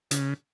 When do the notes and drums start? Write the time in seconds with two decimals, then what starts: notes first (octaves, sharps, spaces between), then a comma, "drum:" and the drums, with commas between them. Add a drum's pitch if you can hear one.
0.11 C#3, drum: hi-hat